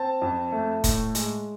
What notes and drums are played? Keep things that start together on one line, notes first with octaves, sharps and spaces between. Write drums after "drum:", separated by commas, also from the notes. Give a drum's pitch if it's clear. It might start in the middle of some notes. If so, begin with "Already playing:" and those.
Already playing: C4 A5
F2
A3
A2, drum: kick, hi-hat
G#3, drum: hi-hat